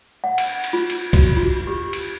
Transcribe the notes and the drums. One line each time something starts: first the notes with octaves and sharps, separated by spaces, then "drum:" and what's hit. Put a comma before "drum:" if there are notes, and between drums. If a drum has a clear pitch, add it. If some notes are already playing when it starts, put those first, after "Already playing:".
F#5
drum: cymbal
drum: cymbal
F4
drum: cymbal
F#4, drum: kick B1, cymbal
F4
G4
drum: cymbal